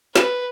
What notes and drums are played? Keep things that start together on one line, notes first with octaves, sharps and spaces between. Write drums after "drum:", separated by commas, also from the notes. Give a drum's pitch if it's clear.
B4, drum: snare